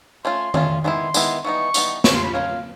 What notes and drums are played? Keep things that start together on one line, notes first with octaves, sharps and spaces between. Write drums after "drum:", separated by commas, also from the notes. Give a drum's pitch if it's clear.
A3 C#4 F4 C6
A3 C#4 F4, drum: tom D#3
D#3 G#3 B3 E4 C6
D#3 G#3 B3 E4, drum: tambourine
E3 G3 B3 D#4 C#6
E3 G3 B3 D#4, drum: tambourine
C#4 F4 A#4 C#5 C#6, drum: snare
C6
B5
C#4 F4 A#4 C#5 F5